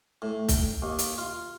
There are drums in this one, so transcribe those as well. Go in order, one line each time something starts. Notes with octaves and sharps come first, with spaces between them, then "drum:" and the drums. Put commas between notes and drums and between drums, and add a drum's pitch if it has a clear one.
A2
G5, drum: kick, hi-hat
D#2
drum: hi-hat
F4